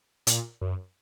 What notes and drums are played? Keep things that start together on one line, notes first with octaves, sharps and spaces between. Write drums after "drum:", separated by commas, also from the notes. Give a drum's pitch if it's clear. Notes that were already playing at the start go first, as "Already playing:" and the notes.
A#2, drum: hi-hat
F#2